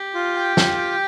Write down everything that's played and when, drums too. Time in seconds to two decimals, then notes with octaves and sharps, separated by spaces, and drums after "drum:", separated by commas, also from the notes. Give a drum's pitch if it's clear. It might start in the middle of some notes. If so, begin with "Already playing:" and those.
Already playing: G4
0.14 F4
0.36 G5
0.57 F4, drum: snare
0.78 G5